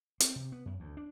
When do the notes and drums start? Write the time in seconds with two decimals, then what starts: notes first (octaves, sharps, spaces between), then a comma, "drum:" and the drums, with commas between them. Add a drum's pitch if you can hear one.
0.20 C4, drum: hi-hat
0.36 C3
0.52 B3
0.66 F#2
0.80 D2
0.97 D4